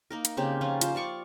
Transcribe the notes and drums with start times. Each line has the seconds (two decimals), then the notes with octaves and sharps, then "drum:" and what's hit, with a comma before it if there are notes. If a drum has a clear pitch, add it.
0.11 A#3 D#4 A#4
0.25 drum: hi-hat
0.37 C#3 A#3 C4 G4
0.61 F3 C#4 F4
0.81 F4 C5, drum: hi-hat
0.95 D5 F5 C#6 D6